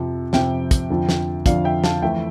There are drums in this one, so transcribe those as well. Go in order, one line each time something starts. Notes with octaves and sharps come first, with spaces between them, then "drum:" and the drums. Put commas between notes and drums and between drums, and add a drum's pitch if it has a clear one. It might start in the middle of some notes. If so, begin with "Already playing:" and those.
Already playing: F2 C3 F3 C4
F2 C3 F3 C4 E5 G5, drum: snare
drum: kick, hi-hat
F2 D3 F3
drum: snare
F2 D3 F3 D5 F5, drum: kick, hi-hat
E5 G5
F5 A5, drum: snare
F2 E3 A3 E5 G5